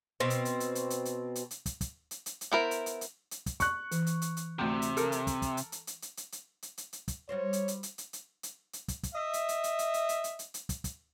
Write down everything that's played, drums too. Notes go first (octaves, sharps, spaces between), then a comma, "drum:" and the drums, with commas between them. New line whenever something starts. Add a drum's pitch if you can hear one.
B2 C4
drum: hi-hat
drum: hi-hat
drum: hi-hat
drum: hi-hat
drum: hi-hat
drum: hi-hat
drum: hi-hat
drum: hi-hat
drum: kick, hi-hat
drum: kick, hi-hat
drum: hi-hat
drum: hi-hat
drum: hi-hat
B3 E4 A#4 C5
drum: hi-hat
drum: hi-hat
drum: hi-hat
drum: hi-hat
drum: kick, hi-hat
C#6 F#6, drum: kick, hi-hat
E3, drum: hi-hat
drum: hi-hat
drum: hi-hat
drum: hi-hat
D2 C3 G5
drum: hi-hat
A4 A#4, drum: hi-hat
drum: hi-hat
drum: kick, hi-hat
drum: kick, hi-hat
drum: hi-hat
drum: hi-hat
drum: hi-hat
drum: hi-hat
drum: hi-hat
drum: hi-hat
drum: hi-hat
drum: hi-hat
drum: hi-hat
drum: kick, hi-hat
G3 F#4 C5 C#5
drum: hi-hat
drum: hi-hat
drum: hi-hat
drum: hi-hat
drum: hi-hat
drum: hi-hat
drum: hi-hat
drum: kick, hi-hat
drum: kick, hi-hat
D#5 E5
drum: hi-hat
drum: hi-hat
drum: hi-hat
drum: hi-hat
drum: hi-hat
drum: hi-hat
drum: hi-hat
drum: hi-hat
drum: hi-hat
drum: kick, hi-hat
drum: kick, hi-hat